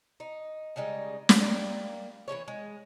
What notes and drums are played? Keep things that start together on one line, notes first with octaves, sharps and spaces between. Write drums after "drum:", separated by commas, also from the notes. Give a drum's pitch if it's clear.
D#4
C#3 G3 G#3 D#4
drum: snare
G3 A#3
E3 F#3 C#4 C#5
G#3